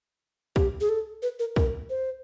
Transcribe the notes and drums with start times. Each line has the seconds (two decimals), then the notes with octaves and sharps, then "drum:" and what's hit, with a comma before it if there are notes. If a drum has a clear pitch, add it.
0.56 G4, drum: kick
0.81 G#4
0.89 A4
1.22 B4
1.39 A#4
1.56 A#4, drum: kick
1.90 C5